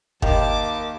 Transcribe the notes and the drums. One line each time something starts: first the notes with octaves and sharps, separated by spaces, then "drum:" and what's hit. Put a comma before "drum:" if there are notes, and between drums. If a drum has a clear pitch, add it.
D#2 D#3 F5 A5 D6, drum: kick F#1